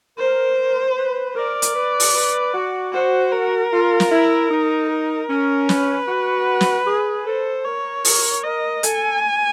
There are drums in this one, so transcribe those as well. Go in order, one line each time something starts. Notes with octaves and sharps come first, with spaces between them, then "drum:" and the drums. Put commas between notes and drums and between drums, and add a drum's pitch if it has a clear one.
A#4 C5
B4
A#4 D5
drum: hi-hat
B4
drum: open hi-hat
B4
F#4
F#4 C5
A#4
F4
drum: snare
E4
D#4
A#4
C#4
B4, drum: snare
F#4
drum: snare
G#4
A4 C5
A#4 C#5
A#4, drum: open hi-hat
A#4 D#5
A4 G#5, drum: hi-hat